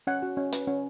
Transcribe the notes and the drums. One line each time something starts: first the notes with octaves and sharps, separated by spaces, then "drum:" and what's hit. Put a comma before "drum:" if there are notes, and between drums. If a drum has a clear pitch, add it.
C#4 F#5
F#4
C#4
B4, drum: hi-hat
C#4